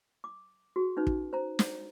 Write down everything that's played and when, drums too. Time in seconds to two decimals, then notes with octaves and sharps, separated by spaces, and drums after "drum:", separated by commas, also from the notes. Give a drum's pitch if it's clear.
0.24 D6
0.76 F#4 G#4
0.97 C#4 D#4 B4
1.07 drum: kick
1.33 C5 A#5
1.59 drum: snare